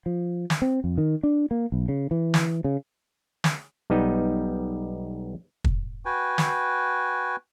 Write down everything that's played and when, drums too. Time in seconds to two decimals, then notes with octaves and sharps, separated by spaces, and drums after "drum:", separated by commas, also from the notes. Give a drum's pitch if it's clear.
0.06 F3
0.50 drum: snare
0.62 C4
0.84 F2
0.98 D#3
1.23 D4
1.51 A#3
1.72 B1
1.88 C#3
2.11 E3
2.34 drum: snare
2.64 C#3
3.44 drum: snare
3.90 B1 G3 B3 D#4
5.64 drum: kick
6.05 F#4 B4 G5 G#5
6.38 drum: snare